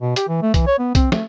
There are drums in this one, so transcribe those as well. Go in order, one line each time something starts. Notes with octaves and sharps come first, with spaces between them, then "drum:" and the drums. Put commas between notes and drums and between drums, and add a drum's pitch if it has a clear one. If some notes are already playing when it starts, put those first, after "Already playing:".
B2
G4, drum: hi-hat
E3
A3
E3, drum: kick B1, hi-hat
C#5
B3
C4, drum: kick B1, hi-hat
A3, drum: snare